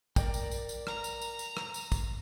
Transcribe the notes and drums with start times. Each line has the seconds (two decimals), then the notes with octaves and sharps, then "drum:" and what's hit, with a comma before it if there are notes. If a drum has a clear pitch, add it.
0.16 A#4 D5 G5, drum: kick, tambourine
0.34 drum: tambourine
0.51 drum: tambourine
0.69 drum: tambourine
0.87 A#5, drum: rim click
1.04 drum: tambourine
1.22 drum: tambourine
1.39 drum: tambourine
1.57 drum: rim click
1.74 drum: tambourine
1.92 drum: kick, tambourine